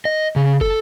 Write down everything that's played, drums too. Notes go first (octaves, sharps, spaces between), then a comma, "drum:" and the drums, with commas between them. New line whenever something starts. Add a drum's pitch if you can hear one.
D#5
C#3
A4, drum: kick